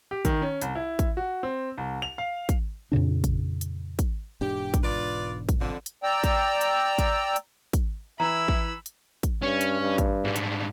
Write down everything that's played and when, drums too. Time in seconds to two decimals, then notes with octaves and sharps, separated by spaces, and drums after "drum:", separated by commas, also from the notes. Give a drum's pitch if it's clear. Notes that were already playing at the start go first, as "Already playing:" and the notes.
0.11 G4
0.25 D#3, drum: kick, hi-hat
0.42 C#4
0.61 C2, drum: hi-hat
0.75 E4
0.99 drum: kick, hi-hat
1.17 F#4
1.43 C4
1.78 C2
2.02 F7
2.18 F5
2.49 drum: kick, hi-hat
2.92 F2 A#2 C#3 D4
3.24 drum: kick, hi-hat
3.61 drum: hi-hat
3.99 drum: kick, hi-hat
4.41 E1 G#2 D4 G4
4.74 drum: kick, hi-hat
4.84 F4 B4 D5
5.49 drum: kick, hi-hat
5.60 F2 D3
5.86 drum: hi-hat
6.03 D5 G5 A#5 E6
6.24 drum: kick, hi-hat
6.61 drum: hi-hat
6.98 drum: kick, hi-hat
7.36 drum: hi-hat
7.73 drum: kick, hi-hat
8.20 E3 E4 E5 A#5 B5 E6
8.48 drum: kick
8.86 drum: hi-hat
9.23 drum: kick, hi-hat
9.43 G2 C#4
9.61 drum: hi-hat
9.81 G2
9.98 drum: kick, hi-hat
10.24 G#2 G3
10.36 drum: hi-hat